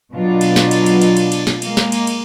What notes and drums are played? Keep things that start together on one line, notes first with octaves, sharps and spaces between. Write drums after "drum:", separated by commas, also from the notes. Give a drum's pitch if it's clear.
B2 F#3 D4 F4
drum: cymbal
drum: snare
drum: cymbal
drum: cymbal
drum: cymbal
drum: cymbal
drum: cymbal
drum: snare
G#3 A#3, drum: cymbal
drum: snare
drum: cymbal
drum: cymbal